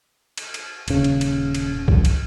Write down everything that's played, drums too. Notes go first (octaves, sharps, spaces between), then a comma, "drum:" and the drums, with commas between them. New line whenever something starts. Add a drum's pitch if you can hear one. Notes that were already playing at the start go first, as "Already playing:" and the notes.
drum: cymbal
drum: cymbal
D#1 C#3, drum: cymbal
drum: cymbal
drum: cymbal
drum: cymbal
drum: kick A#1
drum: cymbal